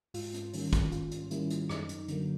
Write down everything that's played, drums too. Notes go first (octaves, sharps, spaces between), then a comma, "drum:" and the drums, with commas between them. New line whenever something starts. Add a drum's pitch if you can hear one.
G#2 F4, drum: open hi-hat
drum: hi-hat
D#3 G3 A#3 C#4, drum: open hi-hat
drum: kick, hi-hat
G#2 F4, drum: hi-hat
drum: hi-hat
D#3 G3 A#3 C#4 E4, drum: hi-hat
drum: hi-hat
F#2 D#4, drum: rim click
drum: hi-hat
D3 F#3 A#3, drum: hi-hat